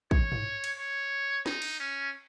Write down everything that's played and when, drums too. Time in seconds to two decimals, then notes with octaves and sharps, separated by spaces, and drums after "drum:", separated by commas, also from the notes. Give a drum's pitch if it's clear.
0.11 C#5, drum: kick
0.32 drum: tom
0.64 drum: cymbal
0.79 C#5
1.46 D#4, drum: snare
1.62 drum: cymbal
1.80 C#4